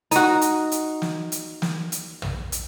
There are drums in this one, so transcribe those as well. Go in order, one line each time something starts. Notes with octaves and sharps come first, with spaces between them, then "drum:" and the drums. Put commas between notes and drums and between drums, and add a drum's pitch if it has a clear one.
D#4 F#4, drum: hi-hat
drum: hi-hat
drum: hi-hat
drum: snare
drum: hi-hat
drum: snare
drum: hi-hat
drum: tom
drum: hi-hat